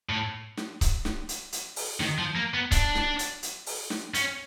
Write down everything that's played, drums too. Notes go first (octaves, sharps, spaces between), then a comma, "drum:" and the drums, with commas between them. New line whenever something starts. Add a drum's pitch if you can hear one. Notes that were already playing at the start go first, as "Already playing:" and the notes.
A2
drum: snare
drum: kick C#1, hi-hat
drum: snare
drum: hi-hat
drum: hi-hat
drum: open hi-hat
D#3, drum: snare
F3
A#3
B3
D4, drum: kick C#1, hi-hat
drum: snare
drum: hi-hat
drum: hi-hat
drum: open hi-hat
drum: snare
C#4, drum: hi-hat